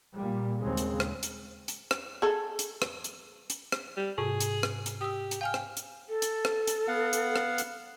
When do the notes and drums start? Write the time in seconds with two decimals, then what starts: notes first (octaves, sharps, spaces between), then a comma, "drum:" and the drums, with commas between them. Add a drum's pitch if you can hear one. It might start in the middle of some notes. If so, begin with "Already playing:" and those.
0.16 A#2 G3
0.63 D#2 C#3 G#3 C4
0.77 drum: hi-hat
1.00 drum: rim click
1.23 drum: hi-hat
1.68 drum: hi-hat
1.91 drum: rim click
2.22 G#4 A4
2.59 drum: hi-hat
2.82 drum: rim click
3.04 drum: hi-hat
3.50 drum: hi-hat
3.72 drum: rim click
3.97 G3
4.18 G#2 C3 F#4 G#4
4.41 drum: hi-hat
4.63 drum: rim click
4.86 drum: hi-hat
5.01 G4 D#6 E6
5.31 drum: hi-hat
5.41 F5 G5 G#5 F6
5.54 drum: rim click
5.77 drum: hi-hat
6.09 A4
6.22 drum: hi-hat
6.45 drum: rim click
6.67 drum: hi-hat
6.88 B3 F5 F#5
7.13 drum: hi-hat
7.36 drum: rim click
7.58 drum: hi-hat